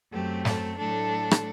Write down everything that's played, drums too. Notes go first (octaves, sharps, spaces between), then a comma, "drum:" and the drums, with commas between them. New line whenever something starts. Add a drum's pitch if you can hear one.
F#2 F#3 A3 C4 G4
A4, drum: snare
A2 F#3 A3 D4 A4
drum: rim click